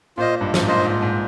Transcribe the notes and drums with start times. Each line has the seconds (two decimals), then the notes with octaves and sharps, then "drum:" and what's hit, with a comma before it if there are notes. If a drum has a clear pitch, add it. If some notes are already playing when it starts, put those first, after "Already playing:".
0.17 A#2 F4 C5 D#5
0.41 G2
0.54 G#2, drum: snare
0.68 A#2 F4 C5 D#5
0.85 G#2
1.02 G#2